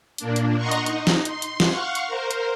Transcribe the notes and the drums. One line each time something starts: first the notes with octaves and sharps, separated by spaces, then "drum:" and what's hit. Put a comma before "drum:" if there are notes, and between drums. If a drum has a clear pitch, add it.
A#2 A#3 D4, drum: hi-hat
drum: hi-hat
D#5 F#5 A#5 C6 C#6
drum: hi-hat
D#4, drum: hi-hat
drum: snare
C6, drum: hi-hat
drum: hi-hat
drum: snare
F5 F#5 C#6
drum: hi-hat
A#4 C5
drum: hi-hat